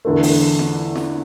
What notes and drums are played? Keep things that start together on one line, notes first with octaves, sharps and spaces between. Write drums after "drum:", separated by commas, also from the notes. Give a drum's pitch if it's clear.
E2 D3 A3
drum: open hi-hat
drum: snare
drum: snare